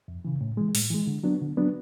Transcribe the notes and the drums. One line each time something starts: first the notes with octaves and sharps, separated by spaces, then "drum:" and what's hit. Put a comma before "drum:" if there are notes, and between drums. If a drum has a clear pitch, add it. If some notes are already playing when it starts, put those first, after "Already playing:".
F2
C#3 E3
A2
E3 G#3
A2, drum: open hi-hat
E3 G#3
D3
F#3 B3 D4
D3
F#3 B3 D4